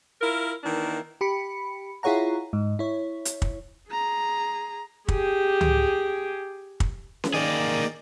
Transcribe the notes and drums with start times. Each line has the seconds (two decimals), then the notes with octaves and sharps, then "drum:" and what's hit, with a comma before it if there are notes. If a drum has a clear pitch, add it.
0.22 E4 F4 A#4
0.64 D#3 E3 A#3 D4 E4
1.21 G4 B5 C#7
2.03 E4 F4 G#4 C#5 F#5 A#5
2.53 G#2
2.79 E4 C#5
3.25 drum: hi-hat
3.42 drum: kick
3.90 G#4 A#5
5.09 G4 G#4, drum: kick
5.61 drum: tom C#2
6.80 drum: kick
7.24 drum: snare C#4
7.34 D#3 A#3 G#4 D5